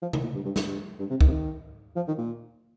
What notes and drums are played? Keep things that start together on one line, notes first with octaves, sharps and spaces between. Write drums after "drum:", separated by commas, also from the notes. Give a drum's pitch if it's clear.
F3
D#3, drum: tom C3
A#2
G2
G2
G2, drum: snare
G2
G2
C3
D#3, drum: kick C2
C3
D#3
F3
D#3
A#2